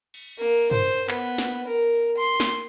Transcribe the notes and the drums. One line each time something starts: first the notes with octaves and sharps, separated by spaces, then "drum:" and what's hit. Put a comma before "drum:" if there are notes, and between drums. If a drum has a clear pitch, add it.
drum: cymbal
A#3
C5, drum: tom G2
B3, drum: clap
drum: snare
A#4
C6
drum: snare